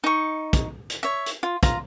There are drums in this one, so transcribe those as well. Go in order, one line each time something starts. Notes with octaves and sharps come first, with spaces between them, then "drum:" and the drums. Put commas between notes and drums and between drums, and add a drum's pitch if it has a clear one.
D#4 C#6
drum: kick, hi-hat
drum: hi-hat
C#5 E5
drum: hi-hat
F4
F4 A#5, drum: kick, hi-hat